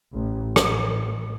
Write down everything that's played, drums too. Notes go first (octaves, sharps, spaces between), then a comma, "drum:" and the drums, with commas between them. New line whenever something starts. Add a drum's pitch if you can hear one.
A1
A1, drum: rim click